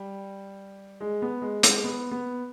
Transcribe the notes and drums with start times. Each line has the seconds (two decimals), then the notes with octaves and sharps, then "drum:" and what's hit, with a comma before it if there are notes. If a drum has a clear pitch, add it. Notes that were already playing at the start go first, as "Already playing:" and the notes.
Already playing: G3
1.01 G#3
1.22 B3
1.42 G#3
1.63 G#3, drum: hi-hat
1.84 B3
2.11 B3